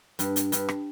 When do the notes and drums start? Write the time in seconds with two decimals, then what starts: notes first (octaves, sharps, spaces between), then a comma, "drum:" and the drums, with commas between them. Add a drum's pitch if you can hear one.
0.19 G2, drum: hi-hat
0.36 drum: hi-hat
0.52 G2, drum: hi-hat
0.69 drum: rim click